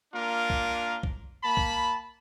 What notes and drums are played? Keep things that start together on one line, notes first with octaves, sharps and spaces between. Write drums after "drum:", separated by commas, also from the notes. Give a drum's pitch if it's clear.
A#3 D4 F4 A#4
drum: kick B1
drum: kick B1
A#3 A5 B5
drum: kick B1